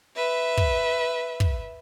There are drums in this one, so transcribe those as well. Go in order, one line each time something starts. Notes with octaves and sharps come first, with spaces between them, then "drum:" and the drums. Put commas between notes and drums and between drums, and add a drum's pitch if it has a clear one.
B4 E5
drum: kick
drum: kick